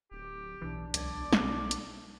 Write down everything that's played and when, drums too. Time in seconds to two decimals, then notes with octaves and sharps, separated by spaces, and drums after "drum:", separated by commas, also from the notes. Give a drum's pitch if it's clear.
0.11 D1 G4
0.62 B1 E3 D4
0.94 C#2 D5 G#6, drum: hi-hat
1.33 drum: snare
1.71 drum: hi-hat